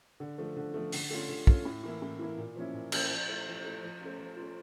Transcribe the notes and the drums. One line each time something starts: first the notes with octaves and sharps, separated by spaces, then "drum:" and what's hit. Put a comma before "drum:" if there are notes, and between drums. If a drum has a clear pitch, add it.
D3
F3 A3
D3
F3 A3
D3, drum: open hi-hat
A3 C#4 F4
D3
A3 C#4 F4, drum: kick
A2
E3 A#3 E4
A2
E3 A#3 E4
A#2
F3 A#3 C#4 E4
A#2
F3 A#3 C#4 E4, drum: cymbal
F3
A3 E4
F3
A3 E4
F3
A3 C#4 F4
F3
A3 C#4 F4